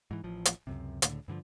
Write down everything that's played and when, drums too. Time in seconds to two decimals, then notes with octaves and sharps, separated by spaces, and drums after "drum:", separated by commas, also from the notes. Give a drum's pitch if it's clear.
0.11 G#2 E3
0.24 A1 A2 F3
0.45 drum: hi-hat
0.67 C#2 F#2 C3
1.02 C#2 A2 D3, drum: hi-hat
1.28 G2 D3 E3 F3